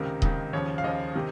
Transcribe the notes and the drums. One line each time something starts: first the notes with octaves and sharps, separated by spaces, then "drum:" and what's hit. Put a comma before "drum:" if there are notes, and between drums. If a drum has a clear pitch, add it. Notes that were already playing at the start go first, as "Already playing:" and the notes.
Already playing: C#2 C3 D#3 A#4
C#2 C3 D#3, drum: kick D#1
D#2 C#3 F3 C#5
F5
D#2 C#3 F3 D#5
C3 D#3